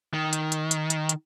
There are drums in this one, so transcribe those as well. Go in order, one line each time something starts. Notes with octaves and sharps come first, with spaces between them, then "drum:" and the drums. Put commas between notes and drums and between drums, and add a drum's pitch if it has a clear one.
D#3
drum: hi-hat
drum: hi-hat
drum: hi-hat
drum: hi-hat
drum: hi-hat